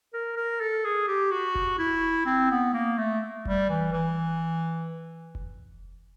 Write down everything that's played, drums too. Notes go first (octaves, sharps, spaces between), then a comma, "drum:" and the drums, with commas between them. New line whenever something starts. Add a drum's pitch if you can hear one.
A#4
A#4
A4
G#4
G4
F#4
drum: kick F1
E4
C4
B3
A#3
A3
G3, drum: kick F1
E3
E3
drum: kick F1